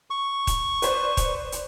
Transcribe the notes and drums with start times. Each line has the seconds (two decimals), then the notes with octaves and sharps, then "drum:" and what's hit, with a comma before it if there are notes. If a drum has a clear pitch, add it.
0.10 C#6
0.47 drum: kick D#1, hi-hat
0.82 B4 C5 D5, drum: hi-hat
1.17 drum: kick D#1, hi-hat
1.52 drum: hi-hat